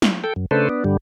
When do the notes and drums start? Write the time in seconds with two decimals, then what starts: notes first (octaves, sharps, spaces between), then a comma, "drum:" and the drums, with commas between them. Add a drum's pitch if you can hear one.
0.02 drum: snare
0.24 A4 G5
0.36 F#2
0.51 C#3 A3 D4 A4 B4 C5
0.69 B3 D4
0.84 G2 D3 G3